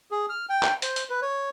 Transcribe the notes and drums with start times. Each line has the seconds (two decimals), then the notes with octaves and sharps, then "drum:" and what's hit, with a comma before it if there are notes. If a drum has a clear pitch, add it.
0.11 G#4
0.29 F6
0.49 G5
0.63 drum: clap
0.82 C5, drum: hi-hat
0.96 drum: hi-hat
1.10 B4
1.22 C#5